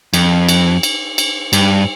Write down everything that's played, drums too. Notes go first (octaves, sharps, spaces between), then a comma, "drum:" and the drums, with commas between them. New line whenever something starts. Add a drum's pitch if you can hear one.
F2, drum: cymbal
drum: cymbal
drum: cymbal
drum: cymbal
G2, drum: cymbal